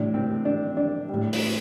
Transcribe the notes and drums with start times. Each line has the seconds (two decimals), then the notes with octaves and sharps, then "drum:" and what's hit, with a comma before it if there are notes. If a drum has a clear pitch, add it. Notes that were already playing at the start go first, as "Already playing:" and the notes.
Already playing: A2 G3 D4
0.14 C4
0.45 D4
0.77 D4
1.09 A2 G3
1.33 drum: open hi-hat